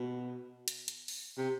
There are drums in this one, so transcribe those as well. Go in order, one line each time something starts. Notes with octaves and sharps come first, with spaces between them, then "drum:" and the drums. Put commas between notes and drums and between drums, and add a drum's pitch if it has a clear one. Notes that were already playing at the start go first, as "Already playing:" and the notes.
Already playing: B2
drum: hi-hat
drum: hi-hat
drum: open hi-hat
C3